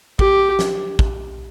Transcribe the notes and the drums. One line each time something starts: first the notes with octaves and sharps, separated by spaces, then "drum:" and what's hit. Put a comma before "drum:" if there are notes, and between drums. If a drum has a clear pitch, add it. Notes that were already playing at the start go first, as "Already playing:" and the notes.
G4, drum: kick
drum: snare
drum: kick